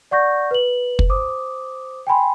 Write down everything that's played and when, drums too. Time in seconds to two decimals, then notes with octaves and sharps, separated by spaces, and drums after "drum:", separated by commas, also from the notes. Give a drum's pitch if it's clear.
0.11 D5 F#5 C#6 G6 A#6
0.51 B4 F#7
0.99 drum: kick
1.09 C5 D6 D#6
2.07 G5 G#5 B5 C6